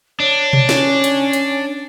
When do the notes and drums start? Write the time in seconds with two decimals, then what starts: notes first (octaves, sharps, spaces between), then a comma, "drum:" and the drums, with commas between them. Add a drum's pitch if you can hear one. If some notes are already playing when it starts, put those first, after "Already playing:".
0.20 D4 C#5
0.53 drum: tom B2
0.69 C#4, drum: snare
1.04 drum: hi-hat
1.33 drum: hi-hat